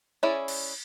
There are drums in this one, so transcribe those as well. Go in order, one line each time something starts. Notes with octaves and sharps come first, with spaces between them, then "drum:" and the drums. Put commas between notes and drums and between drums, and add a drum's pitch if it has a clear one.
C#4 E4 G#4 D5
drum: cymbal